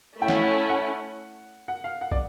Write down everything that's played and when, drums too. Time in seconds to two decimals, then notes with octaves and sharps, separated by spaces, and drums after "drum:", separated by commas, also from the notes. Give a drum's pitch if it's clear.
0.21 A3 C#4 E4 G5
0.28 F#5, drum: snare
0.35 F5
0.42 F#5
0.69 F#5
1.68 F#5
1.84 F5
2.01 F#5
2.12 D5, drum: kick